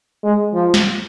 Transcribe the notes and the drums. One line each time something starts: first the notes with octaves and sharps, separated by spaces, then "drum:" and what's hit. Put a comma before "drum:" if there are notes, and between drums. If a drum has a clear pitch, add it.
G#3
F3
drum: snare